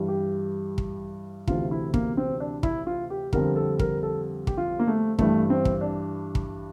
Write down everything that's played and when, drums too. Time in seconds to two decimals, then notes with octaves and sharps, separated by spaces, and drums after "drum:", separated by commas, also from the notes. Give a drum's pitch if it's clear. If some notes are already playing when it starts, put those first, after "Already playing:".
Already playing: G2 E3 G3
0.08 G4
0.78 drum: kick
1.47 D2 C3 E3 F4, drum: kick
1.71 E4
1.94 A#3, drum: kick
2.17 C4
2.40 D4
2.63 E4, drum: kick
2.87 F4
3.10 G4
3.33 F2 D3 G3 A#4, drum: kick
3.56 A4
3.79 A#4, drum: kick
4.03 A4
4.47 G4, drum: kick
4.57 F4
4.79 A#3
4.87 A3
5.19 G2 E3 G3 A3, drum: kick
5.50 C4
5.65 drum: kick
5.81 D4
6.35 drum: kick